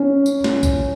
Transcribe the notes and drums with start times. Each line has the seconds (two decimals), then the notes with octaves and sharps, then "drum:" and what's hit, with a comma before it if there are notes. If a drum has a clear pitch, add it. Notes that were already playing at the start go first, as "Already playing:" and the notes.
Already playing: C#4
0.26 drum: tambourine
0.44 drum: snare
0.63 drum: kick, tambourine